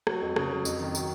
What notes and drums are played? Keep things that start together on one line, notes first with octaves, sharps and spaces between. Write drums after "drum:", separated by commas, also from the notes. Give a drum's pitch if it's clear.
F#3, drum: rim click
F2
C#3, drum: rim click
F#3
F2, drum: tambourine
D#3
F#3, drum: tambourine